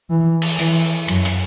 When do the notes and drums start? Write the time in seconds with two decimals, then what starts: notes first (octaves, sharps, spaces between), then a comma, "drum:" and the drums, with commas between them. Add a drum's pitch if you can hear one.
0.10 E3
0.42 drum: cymbal
0.59 E3, drum: hi-hat
1.08 F#2, drum: cymbal
1.25 drum: hi-hat